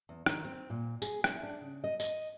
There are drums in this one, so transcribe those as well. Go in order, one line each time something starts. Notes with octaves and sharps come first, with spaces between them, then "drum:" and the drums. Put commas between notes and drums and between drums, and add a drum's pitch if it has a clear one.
E2
D#3, drum: rim click
C4
A#2
G#4, drum: tambourine
E4, drum: rim click
D4
C#3
D#5
D#5, drum: tambourine